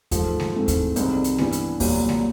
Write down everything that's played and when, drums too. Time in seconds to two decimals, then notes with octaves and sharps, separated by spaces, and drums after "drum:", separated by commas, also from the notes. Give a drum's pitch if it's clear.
0.11 G#2 F3 A3, drum: kick D#2, hi-hat
0.40 drum: snare G#3
0.54 G#2 E3 A3 C4
0.68 drum: kick D#2, hi-hat
0.96 C2 C3 D#3 G#3 C4, drum: hi-hat
1.24 drum: hi-hat
1.38 G2 E3 G3 B3 D4, drum: snare G#3
1.52 drum: hi-hat
1.80 C2 A#2 F#3, drum: kick D#2, open hi-hat
2.09 drum: snare G#3